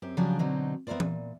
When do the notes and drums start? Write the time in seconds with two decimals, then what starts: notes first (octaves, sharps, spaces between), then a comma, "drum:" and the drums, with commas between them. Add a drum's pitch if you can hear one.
0.02 F#2 C4 G4
0.17 C#3 F3 F#3 D4 G4 G#4
0.39 B2 D3 F#3 C4 D#4
0.87 B3 E4 G4 A#4 C5 D5
1.00 A#2, drum: tom E3